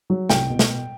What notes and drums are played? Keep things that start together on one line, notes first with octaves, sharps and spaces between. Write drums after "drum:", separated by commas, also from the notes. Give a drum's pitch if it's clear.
F#3
C2 G5, drum: snare
B2
drum: snare